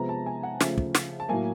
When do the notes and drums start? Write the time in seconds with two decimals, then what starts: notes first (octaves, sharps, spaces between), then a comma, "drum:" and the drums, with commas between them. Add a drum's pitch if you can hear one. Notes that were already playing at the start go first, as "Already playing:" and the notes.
Already playing: C3 F3 G#3 B3 A#5
0.09 A5
0.26 G#5
0.43 F#5
0.61 C#3 F3 A3, drum: snare
0.78 drum: kick
0.95 drum: snare
1.20 A5
1.28 A2 F#3 A#3 G#5